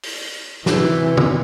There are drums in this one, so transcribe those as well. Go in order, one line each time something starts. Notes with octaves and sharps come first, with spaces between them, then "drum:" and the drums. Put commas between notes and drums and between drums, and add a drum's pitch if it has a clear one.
drum: open hi-hat
C3 E3, drum: snare
drum: tom